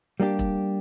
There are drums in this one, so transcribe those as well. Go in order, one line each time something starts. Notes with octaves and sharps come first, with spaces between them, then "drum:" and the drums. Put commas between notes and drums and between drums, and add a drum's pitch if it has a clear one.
G3 A#3 D4 G4
drum: kick E1